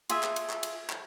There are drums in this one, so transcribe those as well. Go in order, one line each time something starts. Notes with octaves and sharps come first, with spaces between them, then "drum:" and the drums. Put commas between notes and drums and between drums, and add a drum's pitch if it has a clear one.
F4 G#4 E5, drum: cymbal
drum: clap
drum: cymbal
drum: clap
drum: cymbal
drum: clap